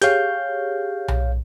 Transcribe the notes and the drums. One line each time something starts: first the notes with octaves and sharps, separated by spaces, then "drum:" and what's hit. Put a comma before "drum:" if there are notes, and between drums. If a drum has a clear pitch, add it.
G4 G#4 C#5 F5 G6, drum: hi-hat
drum: tom B1